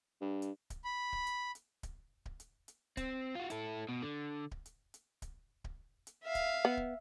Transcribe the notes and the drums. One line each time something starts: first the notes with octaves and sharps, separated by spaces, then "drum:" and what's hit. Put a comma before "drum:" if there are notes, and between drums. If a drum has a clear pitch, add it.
G2
drum: hi-hat
drum: kick D1, hi-hat
B5
drum: kick D1
drum: hi-hat
drum: hi-hat
drum: kick D1, hi-hat
drum: kick D1
drum: hi-hat
drum: hi-hat
C4, drum: kick D1, hi-hat
F4 F#4
E4 A4, drum: hi-hat
B2
D3
drum: kick D1
drum: hi-hat
drum: hi-hat
drum: kick D1, hi-hat
drum: kick D1
drum: hi-hat
E5 F5
drum: kick D1, hi-hat
B3
drum: kick D1